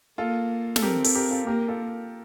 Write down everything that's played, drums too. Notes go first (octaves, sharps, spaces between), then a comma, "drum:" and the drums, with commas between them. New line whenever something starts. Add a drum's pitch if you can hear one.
A#3 F4 A4
A4, drum: snare
C4 G4 A#4
A4, drum: open hi-hat
G4 A#4
F4 A4
A#3 G4 A#4
F4 A4